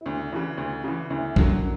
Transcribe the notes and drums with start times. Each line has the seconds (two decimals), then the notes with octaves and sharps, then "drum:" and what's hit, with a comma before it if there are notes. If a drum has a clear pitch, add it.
0.01 E4
0.06 D2 D4 F#4
0.32 C#3 E3
0.58 D2
0.84 C#3 E3
1.10 D2 C#4 E4
1.36 D3 F#3 A#3 C#4, drum: kick A#1